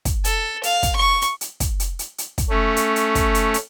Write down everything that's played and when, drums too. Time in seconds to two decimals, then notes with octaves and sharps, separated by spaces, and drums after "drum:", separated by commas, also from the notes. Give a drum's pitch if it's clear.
0.05 drum: kick, hi-hat
0.24 A4, drum: hi-hat
0.63 F5, drum: hi-hat
0.83 drum: kick, hi-hat
0.96 C#6
1.21 drum: hi-hat
1.41 drum: hi-hat
1.60 drum: kick, hi-hat
1.80 drum: hi-hat
1.99 drum: hi-hat
2.18 drum: hi-hat
2.38 drum: kick, hi-hat
2.50 A3 C#4
2.76 drum: hi-hat
2.96 drum: hi-hat
3.15 drum: kick, hi-hat
3.35 drum: hi-hat
3.54 drum: hi-hat